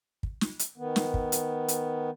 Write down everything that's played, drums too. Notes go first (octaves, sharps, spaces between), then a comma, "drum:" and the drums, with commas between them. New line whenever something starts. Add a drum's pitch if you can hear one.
drum: kick
drum: snare
drum: hi-hat
D#3 B3
drum: snare
drum: kick
drum: hi-hat
drum: hi-hat